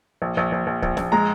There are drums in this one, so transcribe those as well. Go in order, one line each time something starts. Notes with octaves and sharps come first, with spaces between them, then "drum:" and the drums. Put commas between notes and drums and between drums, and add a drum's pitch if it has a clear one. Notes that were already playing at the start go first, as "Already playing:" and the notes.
A#1
A#1
A#1
A#1
A#1, drum: kick
A#1, drum: snare
G#3 A#5